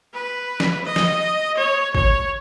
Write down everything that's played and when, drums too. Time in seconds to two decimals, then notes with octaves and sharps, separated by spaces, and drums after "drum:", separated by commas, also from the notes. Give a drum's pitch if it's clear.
0.14 B4
0.60 drum: snare
0.86 D#5
0.96 drum: snare
1.58 C#5
1.95 C#5, drum: kick G#1